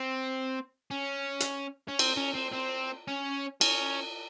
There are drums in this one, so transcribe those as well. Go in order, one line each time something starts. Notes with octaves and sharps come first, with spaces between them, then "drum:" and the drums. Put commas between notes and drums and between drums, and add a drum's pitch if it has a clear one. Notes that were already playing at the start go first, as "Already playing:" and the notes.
Already playing: C4
C#4
drum: hi-hat
C#4
C4, drum: cymbal
C#4
C4
C4
C#4
C#4, drum: cymbal